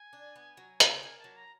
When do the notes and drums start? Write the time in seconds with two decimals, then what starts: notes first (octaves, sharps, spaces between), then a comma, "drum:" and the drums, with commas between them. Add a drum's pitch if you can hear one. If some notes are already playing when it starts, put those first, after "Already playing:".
Already playing: G#5
0.13 D4
0.36 B3
0.57 F#3
0.80 C#3, drum: hi-hat
1.02 A#3 G#5
1.19 A5
1.24 F#3
1.36 A#5